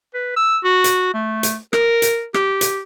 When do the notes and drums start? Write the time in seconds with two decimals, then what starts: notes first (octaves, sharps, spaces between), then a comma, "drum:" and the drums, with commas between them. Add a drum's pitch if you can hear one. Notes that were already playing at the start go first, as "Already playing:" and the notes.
0.14 B4
0.36 E6
0.64 F#4
0.84 drum: hi-hat
1.14 A3
1.43 drum: hi-hat
1.73 A#4, drum: rim click
2.02 drum: hi-hat
2.34 G4, drum: rim click
2.61 drum: hi-hat